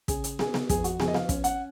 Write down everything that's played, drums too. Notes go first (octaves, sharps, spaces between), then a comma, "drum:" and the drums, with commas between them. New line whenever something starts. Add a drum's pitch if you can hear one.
C#3 G#4, drum: kick, hi-hat
drum: hi-hat
B3 G#4, drum: snare
drum: snare
F2 G#4, drum: kick, hi-hat
F#4, drum: hi-hat
F3 G#4, drum: snare
D#5
F5, drum: snare
C#4, drum: kick, hi-hat
F#5, drum: hi-hat